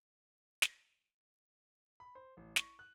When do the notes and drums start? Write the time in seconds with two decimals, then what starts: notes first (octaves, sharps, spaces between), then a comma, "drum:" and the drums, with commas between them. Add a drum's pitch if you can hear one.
0.62 drum: snare
2.00 B5
2.15 C5
2.37 A1
2.56 C#6, drum: snare
2.79 F#6